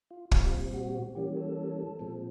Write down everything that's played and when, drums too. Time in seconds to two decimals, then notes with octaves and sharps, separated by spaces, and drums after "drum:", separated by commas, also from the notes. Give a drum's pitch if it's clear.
0.11 F4
0.31 A#2 G3 C4 F4, drum: kick
0.74 F#4
1.15 E3 G3 A#3 C#4 G4
1.37 A4
1.99 A#2 F3 G#3 C4